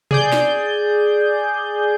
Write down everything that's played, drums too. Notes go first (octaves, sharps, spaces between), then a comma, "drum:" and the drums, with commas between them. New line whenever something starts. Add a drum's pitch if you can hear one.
G#4 D5 G6, drum: tom B2
drum: snare